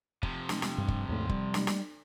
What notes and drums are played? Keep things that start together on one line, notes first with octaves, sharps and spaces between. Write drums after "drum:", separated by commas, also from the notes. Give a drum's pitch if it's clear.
C3 F3, drum: kick
drum: snare
drum: snare
G2
drum: kick
D#2 G#2 A3
G3, drum: kick
drum: snare
drum: snare